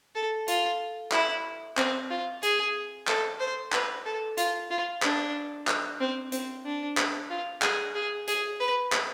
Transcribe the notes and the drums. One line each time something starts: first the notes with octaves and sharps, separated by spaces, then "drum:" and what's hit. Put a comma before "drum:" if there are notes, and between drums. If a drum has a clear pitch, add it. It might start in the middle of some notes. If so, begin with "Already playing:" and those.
A4
F4, drum: hi-hat
E4, drum: clap
C4, drum: clap
F4
G#4, drum: hi-hat
A4, drum: clap
C5
B4, drum: clap
A4
F4, drum: hi-hat
F4
D4, drum: clap
drum: clap
C4
C4, drum: hi-hat
D4
drum: clap
F4
G#4, drum: clap
G#4
G#4, drum: hi-hat
B4
drum: clap